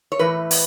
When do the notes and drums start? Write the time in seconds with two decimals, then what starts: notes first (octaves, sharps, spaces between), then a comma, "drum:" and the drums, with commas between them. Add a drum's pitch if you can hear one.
0.12 C#5
0.19 A2 E3 B4
0.51 drum: open hi-hat